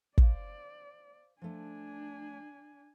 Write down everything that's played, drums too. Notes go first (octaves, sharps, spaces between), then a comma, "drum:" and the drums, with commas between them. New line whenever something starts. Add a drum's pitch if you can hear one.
C5 D5 F5, drum: kick
F3 A3 D4 G#5